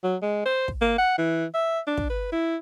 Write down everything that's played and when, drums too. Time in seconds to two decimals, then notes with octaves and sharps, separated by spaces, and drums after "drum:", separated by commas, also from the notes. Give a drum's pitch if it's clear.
0.03 F#3
0.22 G#3
0.45 C5
0.68 drum: kick
0.81 A#3
0.98 F#5
1.18 E3
1.54 E5
1.87 D4
1.97 drum: kick
2.10 B4
2.32 E4